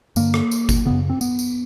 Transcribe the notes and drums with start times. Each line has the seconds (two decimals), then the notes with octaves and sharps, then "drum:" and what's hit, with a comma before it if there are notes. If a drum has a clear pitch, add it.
0.16 G2 D3 A#3, drum: tambourine
0.34 drum: rim click
0.51 drum: tambourine
0.69 drum: kick G1, tambourine
0.86 F#2 C#3 B3
1.10 C4
1.21 B3, drum: tambourine
1.39 drum: tambourine